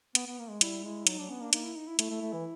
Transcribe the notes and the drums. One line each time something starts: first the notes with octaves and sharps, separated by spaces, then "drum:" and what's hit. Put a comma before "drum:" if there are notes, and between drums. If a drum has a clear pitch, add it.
B3, drum: hi-hat
B3
A#3
G#3
G3 E4, drum: hi-hat
G#3 E4
F#3 D#4, drum: hi-hat
F#3 D4
B3 C#4
A#3 D4
A#3 D#4, drum: hi-hat
E4
D#4
E4
A3 E4, drum: hi-hat
A3
A3
E3